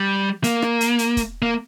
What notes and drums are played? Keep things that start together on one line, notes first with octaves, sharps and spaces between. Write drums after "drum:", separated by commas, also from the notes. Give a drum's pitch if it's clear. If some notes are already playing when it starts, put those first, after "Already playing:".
Already playing: G3
A#3, drum: hi-hat
drum: rim click
drum: hi-hat
drum: hi-hat
drum: kick, hi-hat
A#3